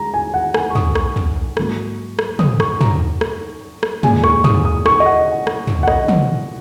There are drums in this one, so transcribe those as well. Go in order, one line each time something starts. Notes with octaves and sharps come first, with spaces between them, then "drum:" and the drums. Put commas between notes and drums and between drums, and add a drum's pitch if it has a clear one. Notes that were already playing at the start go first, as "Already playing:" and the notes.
Already playing: G#3 A#5
G#5
F#5
G#5, drum: rim click
C#6
D#6, drum: tom
C#6, drum: rim click
drum: tom
G#2 F#3 A#3, drum: rim click
drum: rim click
D#6, drum: tom
C#6, drum: rim click
A#5, drum: tom
drum: rim click
drum: rim click
A#2 G#3 G#5, drum: tom
C#6, drum: rim click
D#6, drum: tom
D#6
C#6, drum: rim click
D#5
F#5
drum: rim click
drum: tom
F#5
D#5, drum: rim click
drum: tom